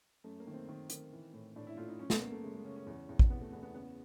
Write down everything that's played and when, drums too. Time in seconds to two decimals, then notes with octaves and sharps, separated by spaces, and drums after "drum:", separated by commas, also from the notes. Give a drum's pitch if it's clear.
0.24 F#2 A3
0.40 A#3
0.47 D#3
0.53 C4
0.69 D#3
0.90 D#3, drum: hi-hat
1.13 E3
1.33 A2
1.56 A2 D4
1.67 E4
1.77 A2 F4
1.88 D#4
1.99 F#2 C#4
2.10 B3, drum: snare
2.21 F#2 A#3
2.32 A3
2.43 C#3 G#3
2.54 G#3
2.64 C#3 C#4
2.76 C#4
2.87 E2
3.09 E2
3.19 drum: kick
3.30 C3 B3
3.41 A3
3.52 E2 B3
3.63 B3
3.75 C#3 B3